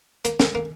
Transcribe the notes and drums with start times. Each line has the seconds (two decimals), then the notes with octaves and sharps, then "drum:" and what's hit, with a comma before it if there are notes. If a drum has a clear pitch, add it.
0.25 A#3, drum: hi-hat
0.40 A#3, drum: snare
0.55 A#3